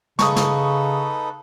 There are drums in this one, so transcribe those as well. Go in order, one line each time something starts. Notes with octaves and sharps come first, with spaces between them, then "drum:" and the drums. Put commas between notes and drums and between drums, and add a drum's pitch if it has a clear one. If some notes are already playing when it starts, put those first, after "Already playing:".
C#3 D#4 A4 B4 C#6 D#6, drum: snare
drum: snare